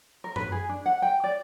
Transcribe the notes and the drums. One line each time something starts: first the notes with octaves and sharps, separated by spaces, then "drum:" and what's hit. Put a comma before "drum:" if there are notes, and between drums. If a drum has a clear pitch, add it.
A#4
B4, drum: tom F#2
G#4
D4
F#5
G5
D5